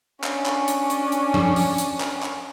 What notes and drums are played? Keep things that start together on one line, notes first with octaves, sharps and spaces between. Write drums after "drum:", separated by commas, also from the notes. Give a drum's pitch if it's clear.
C#4 D4, drum: clap
drum: clap
drum: hi-hat
drum: hi-hat
drum: hi-hat
drum: tom F3
drum: open hi-hat
drum: hi-hat
drum: clap
drum: clap